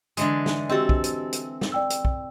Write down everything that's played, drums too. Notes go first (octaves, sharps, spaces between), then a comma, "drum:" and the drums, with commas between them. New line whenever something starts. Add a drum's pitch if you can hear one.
D3 E3 G#3, drum: hi-hat
drum: snare
C4 F#4 G4 A4 D#5
drum: kick
drum: hi-hat
drum: hi-hat
drum: snare
D5 G5 E6
drum: hi-hat
drum: kick